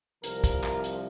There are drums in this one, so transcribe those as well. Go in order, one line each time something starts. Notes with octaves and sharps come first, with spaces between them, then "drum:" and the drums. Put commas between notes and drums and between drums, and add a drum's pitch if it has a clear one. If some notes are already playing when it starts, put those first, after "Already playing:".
C2 C3 F3 A#4, drum: hi-hat
drum: kick, hi-hat
drum: clap
drum: hi-hat